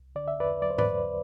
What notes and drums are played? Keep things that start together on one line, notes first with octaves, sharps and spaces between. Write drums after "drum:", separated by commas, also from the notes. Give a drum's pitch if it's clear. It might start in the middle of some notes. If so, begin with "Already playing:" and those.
Already playing: C2
D3 D5
E5
E2 B4 D5
F#3 D5
C5
B4 D5, drum: tom G#2
E2